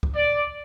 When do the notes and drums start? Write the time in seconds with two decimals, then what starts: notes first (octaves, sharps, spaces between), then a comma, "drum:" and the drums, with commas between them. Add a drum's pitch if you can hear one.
0.03 drum: kick
0.15 D5